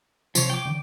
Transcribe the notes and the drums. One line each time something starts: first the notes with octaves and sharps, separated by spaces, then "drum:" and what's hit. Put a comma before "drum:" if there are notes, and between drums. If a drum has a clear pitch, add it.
C3 F3 C#5, drum: tambourine
G5 D6
D3 E3 D4